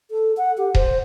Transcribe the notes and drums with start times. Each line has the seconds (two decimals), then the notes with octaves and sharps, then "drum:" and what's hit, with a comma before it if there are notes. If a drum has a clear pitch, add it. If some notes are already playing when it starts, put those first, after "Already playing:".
0.11 A4
0.37 F#5
0.58 G4
0.75 C5, drum: kick D#1